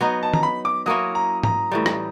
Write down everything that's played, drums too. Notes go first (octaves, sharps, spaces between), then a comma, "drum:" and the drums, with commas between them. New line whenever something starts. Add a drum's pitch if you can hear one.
F#3 B3 D#4 A#5
A5
A#5, drum: tom D#3
B5
D6
F#3 A#3 C#4 E4 D#6
A#5
A#5, drum: tom G#2
A2 E3 G3
drum: rim click